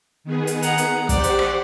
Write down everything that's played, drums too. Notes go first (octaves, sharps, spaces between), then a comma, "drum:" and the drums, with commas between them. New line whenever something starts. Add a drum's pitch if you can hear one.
D#3 B3 G#4
drum: hi-hat
F#5 A#5, drum: hi-hat
drum: hi-hat
G4 C5 D5 F#5, drum: kick, hi-hat
drum: hi-hat
drum: rim click